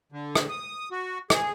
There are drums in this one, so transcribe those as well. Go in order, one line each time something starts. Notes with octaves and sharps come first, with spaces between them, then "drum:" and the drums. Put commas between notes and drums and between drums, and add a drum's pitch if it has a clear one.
D3
drum: rim click
D#6
F#4
G#4, drum: rim click